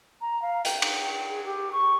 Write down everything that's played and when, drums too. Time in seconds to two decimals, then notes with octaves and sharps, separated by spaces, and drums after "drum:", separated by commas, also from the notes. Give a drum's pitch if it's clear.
0.21 A#5
0.42 F5
0.65 G5, drum: hi-hat
0.82 drum: cymbal
1.28 G#4
1.45 G4
1.72 C#6